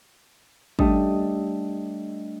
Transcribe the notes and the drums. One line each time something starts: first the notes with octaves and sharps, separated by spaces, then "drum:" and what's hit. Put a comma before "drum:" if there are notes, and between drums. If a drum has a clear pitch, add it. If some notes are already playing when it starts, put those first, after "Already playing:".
G3 A3 D4 D#5, drum: kick G#1